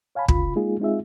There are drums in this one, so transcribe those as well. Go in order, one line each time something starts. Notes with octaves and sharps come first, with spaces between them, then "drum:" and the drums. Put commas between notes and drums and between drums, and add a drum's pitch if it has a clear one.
C#5 F5 G#5 A5 B5
C#3 F4 B5, drum: kick
G#3 A#3 D#4 F4 G#4
G#3 C4 D#4 F4 G#4 E5